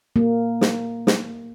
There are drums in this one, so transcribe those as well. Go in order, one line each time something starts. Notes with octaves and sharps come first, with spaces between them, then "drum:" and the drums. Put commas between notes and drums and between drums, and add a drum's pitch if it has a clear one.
A#3
drum: snare
drum: snare